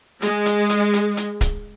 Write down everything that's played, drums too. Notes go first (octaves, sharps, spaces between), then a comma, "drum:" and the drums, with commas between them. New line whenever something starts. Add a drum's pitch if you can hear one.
G#3, drum: hi-hat
drum: hi-hat
drum: hi-hat
drum: hi-hat
drum: hi-hat
drum: kick C#1, hi-hat